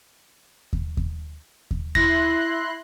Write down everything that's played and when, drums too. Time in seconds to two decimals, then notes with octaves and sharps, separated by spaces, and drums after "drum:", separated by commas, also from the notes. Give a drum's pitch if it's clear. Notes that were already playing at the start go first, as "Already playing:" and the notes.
0.73 drum: kick D#2
0.97 drum: kick D#2
1.71 drum: kick D#2
1.95 E4 C6 F#6 A#6, drum: kick D#2